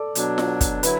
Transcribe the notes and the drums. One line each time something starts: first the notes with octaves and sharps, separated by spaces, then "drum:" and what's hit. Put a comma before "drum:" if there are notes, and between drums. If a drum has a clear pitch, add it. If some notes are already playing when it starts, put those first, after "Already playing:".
Already playing: A4 D5
B2 F#3 D4, drum: hi-hat
drum: snare F4
drum: kick, hi-hat
D3 F#3 E4 B4, drum: hi-hat